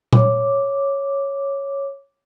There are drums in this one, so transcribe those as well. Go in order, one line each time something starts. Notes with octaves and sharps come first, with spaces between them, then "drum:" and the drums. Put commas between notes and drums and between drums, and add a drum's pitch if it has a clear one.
C#5 D6, drum: tom A#2